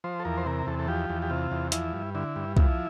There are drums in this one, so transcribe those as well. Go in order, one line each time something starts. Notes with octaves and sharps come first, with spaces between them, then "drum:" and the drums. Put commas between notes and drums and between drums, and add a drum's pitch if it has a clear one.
F3 C5
A4
E2 A#4
C5
C3 A#4
E2 A4
A4
F3 G4
E2
G4
C3 F4
E2
F3 E4, drum: hi-hat
G2
D3 E4
G2
F3 E4, drum: kick